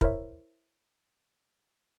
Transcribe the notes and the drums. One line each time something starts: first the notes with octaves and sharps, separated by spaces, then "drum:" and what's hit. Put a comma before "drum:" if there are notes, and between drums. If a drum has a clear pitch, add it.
E4 A#4 C5 C#5 E5, drum: kick